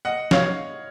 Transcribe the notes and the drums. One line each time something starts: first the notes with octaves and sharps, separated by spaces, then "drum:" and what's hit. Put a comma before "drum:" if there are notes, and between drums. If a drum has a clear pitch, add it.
D#5 F#5
C#5 F5, drum: snare